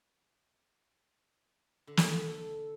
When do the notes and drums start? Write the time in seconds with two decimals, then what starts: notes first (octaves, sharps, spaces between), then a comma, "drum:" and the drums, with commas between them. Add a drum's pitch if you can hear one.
1.87 D3
1.97 drum: snare
2.27 A4